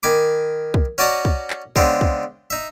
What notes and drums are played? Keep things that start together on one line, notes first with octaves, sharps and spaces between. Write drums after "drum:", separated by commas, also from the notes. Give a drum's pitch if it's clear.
D#3 G#5 B5 D6
drum: kick
C#4 F#4 D5 D#5 A5 A#5
drum: kick
drum: clap
C#3 G#3 B3 C4 D4, drum: kick
drum: kick
D#4 E5